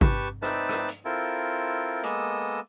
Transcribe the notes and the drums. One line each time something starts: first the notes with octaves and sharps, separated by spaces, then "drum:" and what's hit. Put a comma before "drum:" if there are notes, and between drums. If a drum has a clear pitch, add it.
G4 B4 A5 C#6, drum: kick G#1
C4 D#4 B4 D5 E5 A5, drum: rim click
drum: rim click
drum: hi-hat
C4 E4 F4 A4 A#4
G#3 A#3 B3 A4 D#5 E6, drum: hi-hat